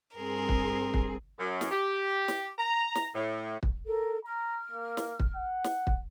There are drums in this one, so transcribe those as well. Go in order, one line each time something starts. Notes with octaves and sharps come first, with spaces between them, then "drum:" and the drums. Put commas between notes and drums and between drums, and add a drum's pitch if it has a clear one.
G2 C4 G#4 A#4
drum: kick
drum: kick
F#2
drum: snare
G4
drum: snare
A#5
drum: snare
A2
drum: kick
A4 A#4
A#5 F6
A#3
drum: snare
drum: kick
F#5
drum: snare
drum: kick